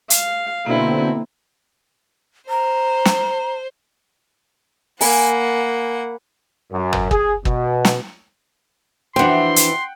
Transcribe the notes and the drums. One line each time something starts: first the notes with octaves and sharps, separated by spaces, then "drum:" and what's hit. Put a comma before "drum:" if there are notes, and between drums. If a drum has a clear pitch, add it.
F5, drum: hi-hat
B2 D3 A#3 C4 E4
C5 A#5
drum: snare
A#3 F#5 G#5 B5, drum: open hi-hat
F#2
drum: tom
G#4, drum: kick
B2, drum: kick
drum: snare
F2 E3 D4 F#4 C5 F#5 G5 C6
drum: hi-hat